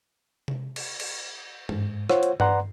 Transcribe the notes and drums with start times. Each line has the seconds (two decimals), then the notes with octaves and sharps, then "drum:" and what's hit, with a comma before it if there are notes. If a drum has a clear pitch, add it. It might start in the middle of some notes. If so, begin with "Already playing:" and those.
0.48 drum: tom C3
0.76 drum: cymbal
1.00 drum: cymbal
1.69 G#2, drum: tom G2
2.09 F4 C5 C#5 F#5, drum: rim click
2.23 drum: hi-hat
2.40 B4 D5 F#5 A#5 C6, drum: tom G2